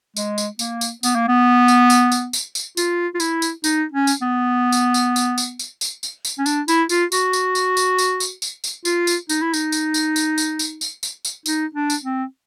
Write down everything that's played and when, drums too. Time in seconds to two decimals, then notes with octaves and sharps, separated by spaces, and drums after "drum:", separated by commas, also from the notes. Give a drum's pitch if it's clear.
0.17 G#3, drum: tambourine
0.38 drum: tambourine
0.59 A#3, drum: tambourine
0.81 drum: tambourine
1.03 B3, drum: tambourine
1.15 A#3
1.28 B3
1.68 drum: tambourine
1.90 drum: tambourine
2.12 drum: tambourine
2.33 drum: tambourine
2.55 drum: tambourine
2.77 F4, drum: tambourine
3.15 F4
3.20 E4, drum: tambourine
3.42 drum: tambourine
3.64 D#4, drum: tambourine
3.92 C#4
4.07 drum: tambourine
4.22 B3
4.72 drum: tambourine
4.94 drum: tambourine
5.16 drum: tambourine
5.38 drum: tambourine
5.59 drum: tambourine
5.81 drum: tambourine
6.03 drum: tambourine
6.25 drum: tambourine
6.39 C#4
6.46 D4, drum: tambourine
6.68 E4, drum: tambourine
6.89 F4, drum: tambourine
7.12 F#4, drum: tambourine
7.33 drum: tambourine
7.55 drum: tambourine
7.77 drum: tambourine
7.99 drum: tambourine
8.20 drum: tambourine
8.42 drum: tambourine
8.64 drum: tambourine
8.85 F4, drum: tambourine
9.07 drum: tambourine
9.29 D#4, drum: tambourine
9.42 E4
9.54 D#4, drum: tambourine
9.72 drum: tambourine
9.94 drum: tambourine
10.16 drum: tambourine
10.38 drum: tambourine
10.59 drum: tambourine
10.81 drum: tambourine
11.03 drum: tambourine
11.25 drum: tambourine
11.46 D#4, drum: tambourine
11.75 D4
11.90 drum: tambourine
12.04 C4